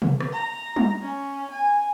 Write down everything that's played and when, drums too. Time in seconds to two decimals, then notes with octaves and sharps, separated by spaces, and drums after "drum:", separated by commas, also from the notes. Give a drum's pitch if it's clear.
0.02 drum: tom C3
0.20 drum: rim click
0.32 A#5
0.76 drum: tom G3
1.01 C#4
1.51 G#5